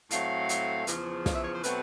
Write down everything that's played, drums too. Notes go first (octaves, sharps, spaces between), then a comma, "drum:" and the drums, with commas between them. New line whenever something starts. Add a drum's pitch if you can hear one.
A2 F#3 A3 C4 F5, drum: hi-hat
drum: hi-hat
E2 C#3 F3, drum: hi-hat
F5, drum: snare
E5
C#5
C5
B2 F#3 A3 C4 B4, drum: hi-hat